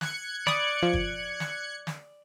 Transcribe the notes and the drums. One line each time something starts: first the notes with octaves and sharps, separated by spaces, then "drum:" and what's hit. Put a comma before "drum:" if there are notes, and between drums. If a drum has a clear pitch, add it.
F#6 G#6 C#7, drum: snare
D5 B5 D#6, drum: snare
F3
drum: kick
drum: snare
drum: snare